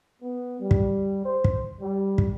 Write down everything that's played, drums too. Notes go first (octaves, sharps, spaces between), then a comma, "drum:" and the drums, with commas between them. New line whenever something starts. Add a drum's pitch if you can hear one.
B3
G3
drum: kick
C5
drum: kick
G3
drum: kick